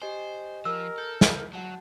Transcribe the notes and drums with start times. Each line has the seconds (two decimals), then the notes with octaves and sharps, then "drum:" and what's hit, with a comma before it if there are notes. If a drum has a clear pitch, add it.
0.02 G4 C5 D#5 G#5
0.65 F3 A#4 E6
0.98 A4 G6
1.21 drum: snare
1.53 F#3 F#4 F#5 A5